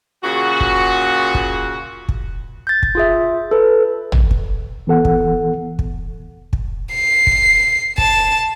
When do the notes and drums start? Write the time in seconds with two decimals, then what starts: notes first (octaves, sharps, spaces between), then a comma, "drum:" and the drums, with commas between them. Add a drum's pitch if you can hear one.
0.23 A#2 C#3 F4 F#4
0.60 drum: kick
1.35 drum: kick
2.09 drum: kick
2.67 G6 A6
2.83 drum: kick
2.95 F4 G#4 E5
3.51 A4 B4
4.12 drum: tom
4.31 drum: kick
4.87 E3 B3 A4 F#5
5.05 drum: kick
5.79 drum: kick
6.53 drum: kick
6.94 C7
7.27 drum: kick
7.98 A5, drum: kick